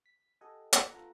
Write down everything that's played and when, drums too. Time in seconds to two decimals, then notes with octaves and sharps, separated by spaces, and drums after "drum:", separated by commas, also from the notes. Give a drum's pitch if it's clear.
0.06 B6
0.41 G4 A4 D#5 F#5 G#5
0.73 drum: hi-hat
0.91 B3 F4 A4 F#5 A#5